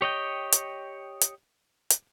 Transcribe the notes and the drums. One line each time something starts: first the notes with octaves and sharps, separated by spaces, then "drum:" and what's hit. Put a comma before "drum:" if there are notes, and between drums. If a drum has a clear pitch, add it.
G4 C#5 D#5 G5
drum: hi-hat
drum: hi-hat
drum: hi-hat